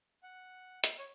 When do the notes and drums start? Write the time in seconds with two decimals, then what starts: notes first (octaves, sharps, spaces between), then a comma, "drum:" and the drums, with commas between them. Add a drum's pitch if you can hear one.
0.23 F#5
0.84 drum: hi-hat
0.99 C#5